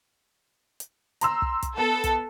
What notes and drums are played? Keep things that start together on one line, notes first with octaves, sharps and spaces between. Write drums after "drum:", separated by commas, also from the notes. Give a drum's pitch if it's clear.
drum: hi-hat
A#5 C6 E6, drum: hi-hat
drum: kick
drum: kick, hi-hat
B3 A4
drum: kick, hi-hat